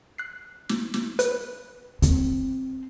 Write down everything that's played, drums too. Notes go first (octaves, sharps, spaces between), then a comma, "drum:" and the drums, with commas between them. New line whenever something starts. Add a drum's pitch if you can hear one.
F#6 C7
drum: snare
drum: snare
B4, drum: hi-hat
G1 D#2 C4, drum: hi-hat